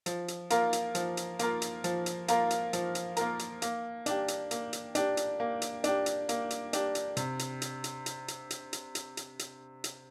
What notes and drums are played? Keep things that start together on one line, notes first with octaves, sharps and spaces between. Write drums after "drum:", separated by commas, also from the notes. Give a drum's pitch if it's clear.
F3, drum: hi-hat
drum: hi-hat
A#3 F4 A#4, drum: hi-hat
drum: hi-hat
F3, drum: hi-hat
drum: hi-hat
A#3 F4 A#4, drum: hi-hat
drum: hi-hat
F3, drum: hi-hat
drum: hi-hat
A#3 F4 A#4, drum: hi-hat
drum: hi-hat
F3, drum: hi-hat
drum: hi-hat
A#3 F4 A#4, drum: hi-hat
drum: hi-hat
A#3, drum: hi-hat
D4 G4, drum: hi-hat
drum: hi-hat
A#3, drum: hi-hat
drum: hi-hat
D4 G4, drum: hi-hat
drum: hi-hat
A#3
drum: hi-hat
D4 G4, drum: hi-hat
drum: hi-hat
A#3, drum: hi-hat
drum: hi-hat
D4 G4, drum: hi-hat
drum: hi-hat
C3, drum: hi-hat
drum: hi-hat
drum: hi-hat
drum: hi-hat
drum: hi-hat
drum: hi-hat
drum: hi-hat
drum: hi-hat
drum: hi-hat
drum: hi-hat
drum: hi-hat
drum: hi-hat